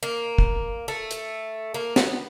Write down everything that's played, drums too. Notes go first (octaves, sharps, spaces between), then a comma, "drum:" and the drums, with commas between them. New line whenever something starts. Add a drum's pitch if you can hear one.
A#3
drum: kick
A3
drum: hi-hat
A#3
B3, drum: snare